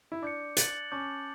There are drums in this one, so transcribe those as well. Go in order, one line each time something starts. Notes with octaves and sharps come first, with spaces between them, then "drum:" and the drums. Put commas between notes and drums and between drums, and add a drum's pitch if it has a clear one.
E4
D4 D6 G6 C#7
F#6 A6 C#7 F#7, drum: hi-hat
C#4 A5 D6 G6